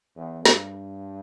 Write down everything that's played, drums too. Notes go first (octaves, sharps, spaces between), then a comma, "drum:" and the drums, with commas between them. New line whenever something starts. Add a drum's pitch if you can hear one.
E2
G2, drum: snare